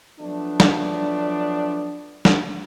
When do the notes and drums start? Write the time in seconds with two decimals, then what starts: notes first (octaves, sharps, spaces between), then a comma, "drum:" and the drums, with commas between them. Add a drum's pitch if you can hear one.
0.19 F3 F#3 A3 B3 D4
0.60 drum: snare
2.25 drum: snare